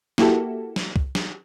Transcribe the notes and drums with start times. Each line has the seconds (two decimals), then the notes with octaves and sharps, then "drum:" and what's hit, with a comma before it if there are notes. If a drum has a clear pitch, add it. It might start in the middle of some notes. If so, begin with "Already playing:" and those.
0.18 A#3 E4 F#4 G4 A4, drum: snare
0.76 drum: snare
0.96 drum: kick C2
1.15 drum: snare